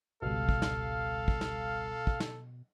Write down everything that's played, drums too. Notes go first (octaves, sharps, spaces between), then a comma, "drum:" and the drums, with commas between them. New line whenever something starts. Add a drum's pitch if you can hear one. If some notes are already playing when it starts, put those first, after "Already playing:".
G#1 C#2 B2 G3 A4 F5 F6
drum: kick
drum: snare
drum: kick
drum: snare
drum: kick
drum: snare